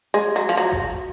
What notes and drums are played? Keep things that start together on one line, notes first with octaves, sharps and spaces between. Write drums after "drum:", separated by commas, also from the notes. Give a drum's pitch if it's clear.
G#3
F#3
F3
F#3
drum: kick G#1, open hi-hat